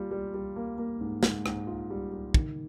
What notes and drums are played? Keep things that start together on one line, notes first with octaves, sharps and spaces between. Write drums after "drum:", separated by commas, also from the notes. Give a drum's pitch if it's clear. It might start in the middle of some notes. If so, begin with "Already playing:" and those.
Already playing: G3 A#3 F4
G3
G3
A#3
A#3
G#2
G#2, drum: snare
G#2, drum: rim click
F4
G3
G3
D#3, drum: kick